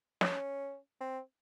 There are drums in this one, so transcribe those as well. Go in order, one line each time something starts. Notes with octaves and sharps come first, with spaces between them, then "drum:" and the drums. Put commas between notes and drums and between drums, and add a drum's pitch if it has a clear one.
C#4, drum: snare
C4